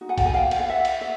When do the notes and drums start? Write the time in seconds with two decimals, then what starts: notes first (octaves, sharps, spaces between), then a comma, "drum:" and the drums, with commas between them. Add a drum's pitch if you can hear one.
0.01 D#4 F#4
0.09 F#5 G#5
0.18 G5 A5, drum: kick, cymbal
0.25 F#5 G#5
0.34 F5 G5
0.51 F#5, drum: cymbal
0.60 F5
0.70 E5 F#5
0.85 drum: cymbal
1.01 E5